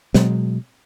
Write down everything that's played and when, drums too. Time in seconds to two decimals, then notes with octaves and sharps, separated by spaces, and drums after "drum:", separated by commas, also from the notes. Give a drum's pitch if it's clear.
0.14 B2 F#3 G#3, drum: snare